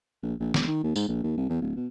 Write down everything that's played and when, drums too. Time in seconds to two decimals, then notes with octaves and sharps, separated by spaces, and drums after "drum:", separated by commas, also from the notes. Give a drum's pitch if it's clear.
0.23 A#1
0.40 A#1
0.54 E1, drum: snare
0.68 D#3
0.84 D#2
0.96 G#2, drum: tambourine
1.08 A#1
1.23 D#2
1.38 C2
1.50 E2
1.62 D1
1.76 B2